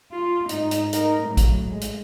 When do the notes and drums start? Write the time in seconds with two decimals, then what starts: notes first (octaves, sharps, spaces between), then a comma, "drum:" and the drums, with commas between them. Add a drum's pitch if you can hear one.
0.12 F4
0.49 G#2 D#4, drum: hi-hat
0.71 drum: hi-hat
0.93 D#4 A#4, drum: hi-hat
1.24 A2 F#3
1.37 drum: kick A1, hi-hat
1.67 G#3
1.81 drum: hi-hat